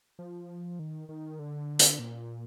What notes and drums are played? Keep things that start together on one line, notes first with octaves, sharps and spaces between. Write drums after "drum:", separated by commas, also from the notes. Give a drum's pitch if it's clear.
F3
D#3
D#3
D3
drum: hi-hat
A#2